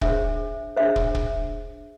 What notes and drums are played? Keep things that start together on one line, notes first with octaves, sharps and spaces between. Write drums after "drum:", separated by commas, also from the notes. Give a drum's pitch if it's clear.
D4 G#4 C5 E5, drum: kick
D4 G#4 C5 E5
drum: kick
drum: kick